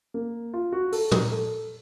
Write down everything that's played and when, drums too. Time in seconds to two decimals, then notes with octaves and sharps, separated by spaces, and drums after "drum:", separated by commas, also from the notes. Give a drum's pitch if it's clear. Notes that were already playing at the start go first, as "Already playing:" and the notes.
0.14 A#3
0.54 F4
0.72 F#4
0.92 A4, drum: open hi-hat
1.11 A#4, drum: tom
1.31 A4